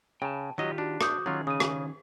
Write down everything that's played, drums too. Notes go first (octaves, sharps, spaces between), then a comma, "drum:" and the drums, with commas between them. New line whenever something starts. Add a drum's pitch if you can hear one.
C#3 G5 A5
D#3 F#3 F4 G4 D#5
D4 F#4
F#4 D6 D#6 G6, drum: rim click
D#3 F#3 C#4 F4 G#4
C#3 D#6 D#7
drum: rim click